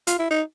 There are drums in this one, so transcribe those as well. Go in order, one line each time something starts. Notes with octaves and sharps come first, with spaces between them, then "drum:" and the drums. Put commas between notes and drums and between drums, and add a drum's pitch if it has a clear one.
F4, drum: hi-hat
E4
D#4